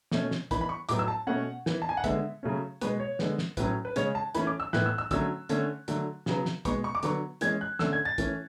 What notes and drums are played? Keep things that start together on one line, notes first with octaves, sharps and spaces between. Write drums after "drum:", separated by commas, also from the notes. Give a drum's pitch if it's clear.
B2 A3 C#4, drum: snare
drum: snare
E3 B3 B5, drum: kick, hi-hat
B5
C#6
A2 F#3 B3 D6, drum: hi-hat
E6
A5
B2 A3 C#4 F#5
E3 B3, drum: snare
A5
G#5
F#5
D3 G#3 B3 E5, drum: kick, hi-hat
C#3 F#3 A3 C#4
B2 G#3 B3 B4, drum: hi-hat
C#5
D3 G#3 B3, drum: snare
drum: snare
A2 F#3 C#4 B4, drum: kick, hi-hat
B4
C#3 G#3 C#4 C#5, drum: hi-hat
A5
E3 A3 C#4 B5, drum: hi-hat
D6
E6
A2 E3 B3 F#6, drum: snare
E6
E6
D3 F#3 A3 C#4 E6, drum: kick, hi-hat
D3 A3 C#4, drum: hi-hat
D3 F#3 A3, drum: hi-hat
C#3 F#3 B3, drum: snare
drum: snare
B2 G#3 B3 C#6, drum: kick, hi-hat
C#6
D6
D3 F#3 B3 C#6, drum: hi-hat
E3 G#3 C#4 G#6, drum: hi-hat
F#6
D3 A3 C#4 E6, drum: snare
G#6
A6
E3 A3 C#4, drum: kick, hi-hat